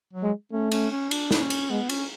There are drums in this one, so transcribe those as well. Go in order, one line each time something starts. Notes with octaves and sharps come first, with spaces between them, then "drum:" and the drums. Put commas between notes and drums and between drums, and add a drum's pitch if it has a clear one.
F#3
G#3
A3 C#4
C#4, drum: cymbal
C#4
D4, drum: cymbal
drum: snare
C#4
drum: cymbal
G#3 B3
C#4, drum: cymbal